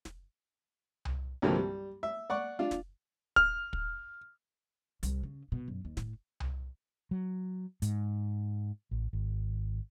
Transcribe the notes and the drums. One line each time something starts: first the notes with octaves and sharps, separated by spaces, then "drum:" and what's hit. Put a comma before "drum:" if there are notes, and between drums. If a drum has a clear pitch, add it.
drum: snare
drum: tom C2
C2 G2 D3 F3 F#3 A#3
G3
E5
D5 F#5 C#6
D4 F4
drum: snare
F6, drum: kick
drum: kick
C2, drum: hi-hat
C#3
B2
F#2
D#2
A2, drum: snare
drum: tom C2
F#3
G#2, drum: hi-hat
A1
G#1